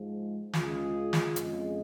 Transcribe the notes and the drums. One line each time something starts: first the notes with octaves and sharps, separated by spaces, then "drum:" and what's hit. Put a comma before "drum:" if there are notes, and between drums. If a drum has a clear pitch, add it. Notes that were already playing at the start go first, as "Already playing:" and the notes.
Already playing: G#2 F3 G#3
C#2 C#3 G#3 F4 G#4, drum: snare
drum: snare
F2 C#3 G#3, drum: hi-hat